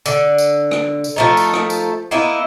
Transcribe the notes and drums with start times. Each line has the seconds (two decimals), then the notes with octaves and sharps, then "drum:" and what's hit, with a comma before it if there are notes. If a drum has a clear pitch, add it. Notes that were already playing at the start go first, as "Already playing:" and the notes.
0.06 D3, drum: tambourine
0.38 drum: tambourine
0.71 drum: rim click
1.04 drum: tambourine
1.16 F3 A3 D#4
1.37 drum: tambourine
1.54 drum: rim click
1.70 drum: tambourine
2.11 A#3 B3 D#4 E4